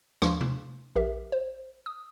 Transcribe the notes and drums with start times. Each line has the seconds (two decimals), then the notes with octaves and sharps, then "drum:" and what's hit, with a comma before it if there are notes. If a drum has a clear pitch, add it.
0.22 D#2 F3 D4 F5 C6 C#6, drum: rim click
0.41 drum: tom C3
0.96 A#1 G4 A#4 E5
1.32 C5
1.86 D#6